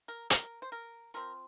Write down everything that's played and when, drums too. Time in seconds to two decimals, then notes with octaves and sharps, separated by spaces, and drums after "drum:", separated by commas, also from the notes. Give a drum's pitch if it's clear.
0.08 A#4
0.30 A#4, drum: hi-hat
0.62 C5
0.72 A#4
1.14 F3 C4 A#4